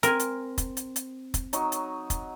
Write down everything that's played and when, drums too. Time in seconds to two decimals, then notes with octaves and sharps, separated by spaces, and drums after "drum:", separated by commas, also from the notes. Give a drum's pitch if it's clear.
0.03 C4 A#4 G#5, drum: hi-hat
0.20 drum: hi-hat
0.58 drum: kick, hi-hat
0.77 drum: hi-hat
0.96 drum: hi-hat
1.34 drum: kick, hi-hat
1.53 F#3 D#4 C#6, drum: hi-hat
1.72 drum: hi-hat
2.10 drum: kick, hi-hat